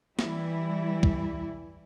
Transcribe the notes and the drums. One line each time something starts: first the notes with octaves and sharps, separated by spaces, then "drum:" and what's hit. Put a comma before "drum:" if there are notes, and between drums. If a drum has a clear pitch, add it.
E3 G3 E4, drum: snare
drum: kick